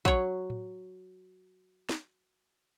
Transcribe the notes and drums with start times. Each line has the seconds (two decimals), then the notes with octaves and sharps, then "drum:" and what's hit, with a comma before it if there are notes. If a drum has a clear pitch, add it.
0.05 F#3 C#5, drum: kick
0.50 drum: tom A2
1.89 drum: snare